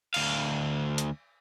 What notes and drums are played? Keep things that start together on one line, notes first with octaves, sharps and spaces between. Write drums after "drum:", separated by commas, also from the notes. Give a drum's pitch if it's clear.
D2 F5, drum: cymbal
drum: hi-hat